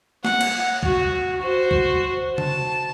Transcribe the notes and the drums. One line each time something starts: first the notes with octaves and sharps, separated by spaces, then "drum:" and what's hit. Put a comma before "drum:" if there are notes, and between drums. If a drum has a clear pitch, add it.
F#5, drum: snare
drum: cymbal
F#4, drum: kick
F#4 C5
drum: kick
A5, drum: tom C#3